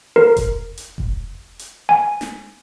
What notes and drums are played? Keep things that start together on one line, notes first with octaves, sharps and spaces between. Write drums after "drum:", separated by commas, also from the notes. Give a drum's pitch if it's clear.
A#4
drum: kick F1, hi-hat
drum: hi-hat
drum: kick F1
drum: hi-hat
G#5
drum: snare